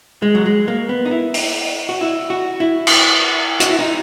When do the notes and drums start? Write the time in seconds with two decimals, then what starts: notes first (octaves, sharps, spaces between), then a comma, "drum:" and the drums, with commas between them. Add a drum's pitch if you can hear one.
0.22 G#3
0.35 F#3
0.46 G#3
0.68 A#3
0.89 B3
1.05 D#4
1.11 E4
1.34 drum: open hi-hat
1.89 F#4
2.01 E4
2.30 F#4
2.60 E4
2.87 drum: cymbal
3.60 F#4, drum: hi-hat
3.69 E4
3.79 D#4